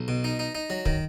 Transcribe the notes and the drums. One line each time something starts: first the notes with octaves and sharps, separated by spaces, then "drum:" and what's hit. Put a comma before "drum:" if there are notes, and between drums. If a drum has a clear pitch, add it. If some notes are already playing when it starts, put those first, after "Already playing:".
Already playing: B1
B2
D#4
D#4
D#4
F#3
D#3, drum: kick